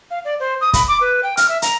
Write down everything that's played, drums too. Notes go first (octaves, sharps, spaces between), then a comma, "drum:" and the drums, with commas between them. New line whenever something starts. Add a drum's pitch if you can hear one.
F5
D5
C5
D#6
B5, drum: kick, hi-hat
D6
B4
G5
F6, drum: hi-hat
E5
A#5, drum: hi-hat